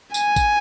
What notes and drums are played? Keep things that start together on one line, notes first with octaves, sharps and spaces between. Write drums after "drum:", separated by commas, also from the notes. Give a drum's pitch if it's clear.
G#5, drum: tambourine
drum: kick, tambourine